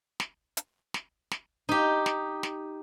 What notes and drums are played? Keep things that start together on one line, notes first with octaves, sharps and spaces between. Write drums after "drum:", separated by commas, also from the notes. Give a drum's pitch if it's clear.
drum: snare
drum: hi-hat
drum: snare
drum: snare
D#4 G4
drum: snare
drum: snare